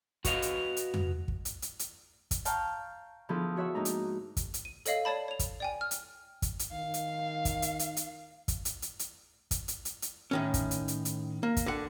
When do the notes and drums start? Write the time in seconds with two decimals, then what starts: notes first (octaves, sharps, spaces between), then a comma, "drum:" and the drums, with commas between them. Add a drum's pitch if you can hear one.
0.25 F#4 B4 C#5 D#5 F5, drum: kick, hi-hat
0.42 drum: hi-hat
0.77 drum: hi-hat
0.94 drum: tom F2
1.28 drum: kick
1.45 drum: hi-hat
1.62 drum: hi-hat
1.79 drum: hi-hat
2.31 drum: kick, hi-hat
2.45 F5 G5 A5 A#5 C#6 F6, drum: hi-hat
3.29 D3 F3 B3 E4 G#4 A4
3.56 F#4 C#5 E5 F#5 C#6
3.75 G#2 A#3 B3 D4 D#4 A#5
3.85 drum: hi-hat
4.37 drum: kick, hi-hat
4.54 drum: hi-hat
4.65 D#7
4.86 A4 C#5 D#5 F5 F#7, drum: hi-hat
5.05 C#5 D5 A5 B5
5.28 C#5 F7
5.39 drum: kick, hi-hat
5.60 D5 G5 G#5
5.81 F6
5.91 drum: hi-hat
6.42 drum: kick, hi-hat
6.59 drum: hi-hat
6.72 D#3 F5
6.94 drum: hi-hat
7.45 drum: kick, hi-hat
7.62 drum: hi-hat
7.79 drum: hi-hat
7.97 drum: hi-hat
8.48 drum: kick, hi-hat
8.65 drum: hi-hat
8.82 drum: hi-hat
8.99 drum: hi-hat
9.51 drum: kick, hi-hat
9.68 drum: hi-hat
9.85 drum: hi-hat
10.02 drum: hi-hat
10.31 A2 D#3 C#4
10.54 drum: kick, hi-hat
10.71 drum: hi-hat
10.88 drum: hi-hat
11.05 drum: hi-hat
11.43 A#3
11.57 drum: kick, hi-hat
11.66 D3 F#5